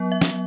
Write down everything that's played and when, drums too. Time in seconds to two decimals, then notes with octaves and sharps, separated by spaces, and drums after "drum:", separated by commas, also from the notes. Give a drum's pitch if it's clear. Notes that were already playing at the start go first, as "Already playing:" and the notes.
Already playing: F#3 B3
0.12 E5
0.21 drum: snare